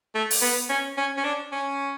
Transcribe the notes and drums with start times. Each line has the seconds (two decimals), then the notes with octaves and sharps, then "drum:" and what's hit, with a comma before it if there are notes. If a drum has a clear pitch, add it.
0.15 A3
0.31 drum: open hi-hat
0.42 B3
0.69 C#4
0.97 C#4
1.17 C#4
1.24 D4
1.52 C#4